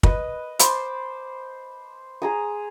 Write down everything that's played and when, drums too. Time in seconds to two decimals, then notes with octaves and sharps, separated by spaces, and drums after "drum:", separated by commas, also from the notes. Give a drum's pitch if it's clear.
0.03 B4 D#5, drum: kick
0.59 C5 A5 B5 D6, drum: hi-hat
2.22 G#4 A#5 D#6